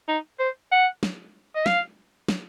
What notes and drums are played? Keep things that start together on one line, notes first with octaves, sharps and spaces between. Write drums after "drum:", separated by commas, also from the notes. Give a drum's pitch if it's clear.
D#4
C5
F#5
drum: snare
D#5
F5, drum: snare
drum: snare